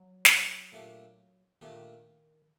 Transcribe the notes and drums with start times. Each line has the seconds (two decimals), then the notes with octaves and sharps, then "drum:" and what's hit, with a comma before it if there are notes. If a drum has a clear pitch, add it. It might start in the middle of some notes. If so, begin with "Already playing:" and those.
Already playing: F#3
0.25 drum: snare
0.72 A#2 A3 D4 G4
1.61 A#2 D#3 A3 D4 G4